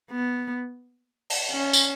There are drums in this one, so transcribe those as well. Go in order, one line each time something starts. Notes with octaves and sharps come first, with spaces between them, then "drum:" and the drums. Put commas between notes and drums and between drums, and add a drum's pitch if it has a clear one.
B3
drum: open hi-hat
C#4
drum: tambourine